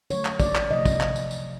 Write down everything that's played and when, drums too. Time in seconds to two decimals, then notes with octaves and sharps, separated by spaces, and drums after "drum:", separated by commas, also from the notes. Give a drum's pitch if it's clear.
0.10 D3 F#3 A3 C#5, drum: tambourine
0.25 drum: clap
0.40 D5, drum: kick, tambourine
0.55 drum: clap
0.70 C3 F3 A3 D#5
0.85 drum: kick, tambourine
1.01 drum: clap
1.16 drum: tambourine
1.31 drum: tambourine